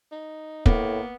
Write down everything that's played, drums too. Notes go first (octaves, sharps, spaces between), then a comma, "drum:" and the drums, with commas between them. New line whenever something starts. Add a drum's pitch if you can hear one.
D#4
A2 A#3 B3, drum: kick